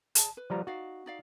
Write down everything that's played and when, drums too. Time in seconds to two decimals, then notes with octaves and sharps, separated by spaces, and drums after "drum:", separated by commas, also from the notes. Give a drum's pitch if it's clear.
0.15 G#4 D5 A5, drum: hi-hat
0.37 B4
0.50 F3 G3 A#5
0.67 D#4 F#4 D5 F5
1.06 D#4 D5 F5